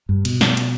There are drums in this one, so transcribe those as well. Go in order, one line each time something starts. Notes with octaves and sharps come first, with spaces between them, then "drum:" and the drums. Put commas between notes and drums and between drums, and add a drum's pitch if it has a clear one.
G2
B2, drum: cymbal
drum: snare
drum: cymbal